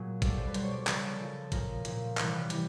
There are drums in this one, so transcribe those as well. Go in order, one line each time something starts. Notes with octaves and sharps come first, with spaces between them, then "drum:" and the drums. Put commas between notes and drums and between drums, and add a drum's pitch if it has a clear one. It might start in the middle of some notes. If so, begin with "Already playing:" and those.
Already playing: A#2 F#3 G#4
B2 G3 A4, drum: kick, hi-hat
C5
B4
B2 G3 C5, drum: hi-hat
C#5
D5
C#5
C#3 F3, drum: clap
B4
A#4
A4
C#3 F3
A#2 F3 A#4, drum: kick, hi-hat
A#2 F3, drum: hi-hat
C3 E3 G3 B4, drum: clap
B4
C3 E3, drum: hi-hat